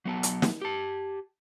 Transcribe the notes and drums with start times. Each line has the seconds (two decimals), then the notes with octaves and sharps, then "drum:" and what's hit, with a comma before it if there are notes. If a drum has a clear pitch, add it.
0.05 F#3 B3 A5
0.23 drum: hi-hat
0.42 drum: snare
0.61 G4 A5